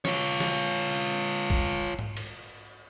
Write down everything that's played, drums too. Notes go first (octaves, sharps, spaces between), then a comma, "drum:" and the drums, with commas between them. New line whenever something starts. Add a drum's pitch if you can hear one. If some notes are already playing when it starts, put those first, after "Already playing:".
F4 C#5, drum: snare
drum: snare
drum: kick
drum: tom G#2
drum: cymbal